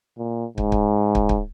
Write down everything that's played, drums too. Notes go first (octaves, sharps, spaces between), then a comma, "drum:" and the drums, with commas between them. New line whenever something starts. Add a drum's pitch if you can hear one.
A#2
G#2, drum: kick
drum: kick
drum: kick
drum: kick